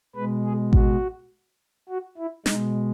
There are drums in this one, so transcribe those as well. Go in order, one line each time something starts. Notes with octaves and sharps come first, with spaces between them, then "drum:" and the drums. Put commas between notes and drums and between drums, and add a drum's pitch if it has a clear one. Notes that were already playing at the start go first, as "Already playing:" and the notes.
B2 G#3 B4
G#4
F#4, drum: kick A1
F#4
E4
B2 G#3 D#4, drum: snare